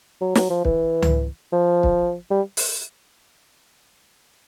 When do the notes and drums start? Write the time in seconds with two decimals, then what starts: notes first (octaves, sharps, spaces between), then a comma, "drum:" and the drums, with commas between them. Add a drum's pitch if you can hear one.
0.21 F#3
0.35 F#3, drum: snare
0.50 F3
0.65 E3, drum: kick
1.02 drum: tom C#2
1.52 F3
1.83 drum: kick
2.30 G3
2.57 drum: open hi-hat